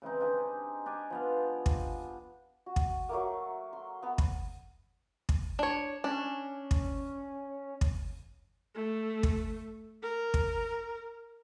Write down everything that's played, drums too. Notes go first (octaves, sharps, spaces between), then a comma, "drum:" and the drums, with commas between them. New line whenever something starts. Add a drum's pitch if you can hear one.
C#3 E3 C4 D#4
D4 D#4 G4 G#4
D4 G4 D5 G#5
F3 B3 F5
drum: kick
F#4
drum: kick
F#3 A3 A#3
C6
B3 B5
drum: kick
drum: kick
D4 C#5
C#4 D4
drum: kick
drum: kick
A3
drum: kick
A#4
drum: kick